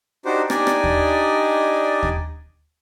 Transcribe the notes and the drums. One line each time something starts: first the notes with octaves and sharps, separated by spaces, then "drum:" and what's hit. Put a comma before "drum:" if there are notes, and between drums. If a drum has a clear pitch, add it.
D4 D#4 F#4 G4 C5
D4 D#4 G4 D5 D#5 G#5, drum: rim click
drum: rim click
drum: kick D#2
drum: kick D#2